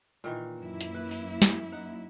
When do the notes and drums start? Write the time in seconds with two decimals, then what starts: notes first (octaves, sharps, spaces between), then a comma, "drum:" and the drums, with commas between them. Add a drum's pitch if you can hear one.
0.24 A#2 D#3 E3
0.59 F#2 A#3 E4
0.81 drum: hi-hat
0.94 B4
1.11 drum: open hi-hat
1.42 drum: snare
1.72 D#4 F#5